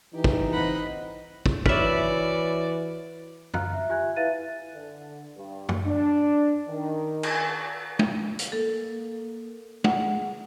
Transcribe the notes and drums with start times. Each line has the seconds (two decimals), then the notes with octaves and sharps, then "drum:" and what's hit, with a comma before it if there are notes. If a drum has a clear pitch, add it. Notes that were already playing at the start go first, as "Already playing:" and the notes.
0.14 E3 D#4 G4
0.24 drum: kick
0.52 C4 D#5 F#5 B5
1.46 drum: kick
1.66 E3 F#4 B4 C#5 D5 E5 F6, drum: kick
3.54 F5 A#5 F6 F#6, drum: tom
3.73 E5
3.89 F4 G4 E5 G#5 F#6 G#6
4.16 E4 B4 E5 F5 A6 D#7
4.74 D3
5.37 G2
5.69 drum: tom
5.86 D4
6.68 D#3
7.23 drum: cymbal
7.99 drum: tom
8.39 drum: hi-hat
8.52 A#3 A4
9.84 G#3 F#5, drum: tom